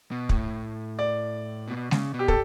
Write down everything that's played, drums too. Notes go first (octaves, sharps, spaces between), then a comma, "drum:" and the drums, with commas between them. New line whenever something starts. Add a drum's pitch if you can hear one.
B2
A2, drum: kick
D5
B2
C#3, drum: snare G#3
B2
G4
A4, drum: kick